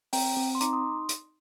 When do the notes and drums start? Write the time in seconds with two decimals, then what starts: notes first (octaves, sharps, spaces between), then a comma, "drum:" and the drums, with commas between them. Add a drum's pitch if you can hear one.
0.13 C4 G5 A#5, drum: open hi-hat
0.37 C4
0.55 C6
0.61 D#4 A#5 D6, drum: hi-hat
0.73 C6 D#6
1.09 drum: hi-hat